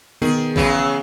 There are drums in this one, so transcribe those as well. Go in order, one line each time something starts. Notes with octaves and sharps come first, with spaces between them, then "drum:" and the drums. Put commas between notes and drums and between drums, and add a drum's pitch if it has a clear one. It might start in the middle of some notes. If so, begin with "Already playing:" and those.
D#3 B3 G#4
C#3 E3 F#3 E4, drum: kick A#1